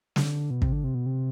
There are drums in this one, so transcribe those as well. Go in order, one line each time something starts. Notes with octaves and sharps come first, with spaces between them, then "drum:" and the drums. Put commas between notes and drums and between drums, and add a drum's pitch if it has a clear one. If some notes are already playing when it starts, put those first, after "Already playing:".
D3, drum: snare
B2
C3, drum: kick
D3
C3
B2
C3